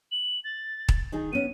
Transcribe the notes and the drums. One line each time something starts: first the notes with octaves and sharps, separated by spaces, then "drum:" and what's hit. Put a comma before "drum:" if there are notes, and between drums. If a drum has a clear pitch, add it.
F#7
A6
drum: kick D#1
D#3 D#4 G#4
B3 C#4 D#7